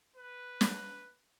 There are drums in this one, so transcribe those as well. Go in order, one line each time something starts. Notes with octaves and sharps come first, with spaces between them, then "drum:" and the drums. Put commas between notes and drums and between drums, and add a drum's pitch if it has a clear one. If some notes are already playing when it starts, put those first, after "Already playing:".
B4
drum: snare